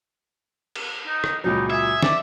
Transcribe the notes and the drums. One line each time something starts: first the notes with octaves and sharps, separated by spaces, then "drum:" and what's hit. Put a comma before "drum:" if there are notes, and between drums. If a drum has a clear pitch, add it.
drum: cymbal
D#4
drum: rim click
C#2 A#2 F#3 D#4
G#4 E5
D5, drum: snare